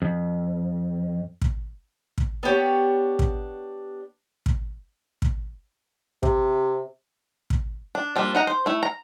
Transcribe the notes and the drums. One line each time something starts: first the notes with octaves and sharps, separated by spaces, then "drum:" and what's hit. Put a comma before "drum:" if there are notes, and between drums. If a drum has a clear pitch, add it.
F2
drum: kick
drum: kick
B3 D4 G4 C#5
drum: kick
drum: kick
drum: kick
C3, drum: kick
drum: kick
D4
F3 G3 A#3 D4
D#4 F#5 A#5
C5
A3 E4
A#5